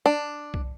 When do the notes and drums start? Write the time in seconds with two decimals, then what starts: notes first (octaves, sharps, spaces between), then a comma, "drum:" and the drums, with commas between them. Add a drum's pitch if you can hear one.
0.06 D4
0.54 drum: kick C2